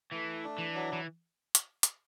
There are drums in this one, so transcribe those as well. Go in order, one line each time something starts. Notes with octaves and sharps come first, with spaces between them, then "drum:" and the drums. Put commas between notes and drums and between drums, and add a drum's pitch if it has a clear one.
E3 A3
D4
E3
F#3
E3
drum: hi-hat
drum: hi-hat